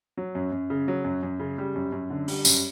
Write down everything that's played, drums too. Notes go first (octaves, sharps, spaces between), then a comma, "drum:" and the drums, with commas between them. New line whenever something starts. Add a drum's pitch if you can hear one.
F#3
F#2
F#2
C#3
F#3
F#2
F#2
C#3
G3
F#2
F#2
D3
G3, drum: open hi-hat
F#2, drum: tambourine